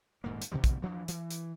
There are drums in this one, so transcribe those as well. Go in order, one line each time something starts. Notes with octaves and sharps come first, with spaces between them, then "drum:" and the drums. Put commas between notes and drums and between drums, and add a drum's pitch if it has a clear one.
D#1 G#2 A#3
drum: hi-hat
B2 D3 E3 G3
drum: kick, hi-hat
E3 F3 A3 D4
E3, drum: hi-hat
drum: hi-hat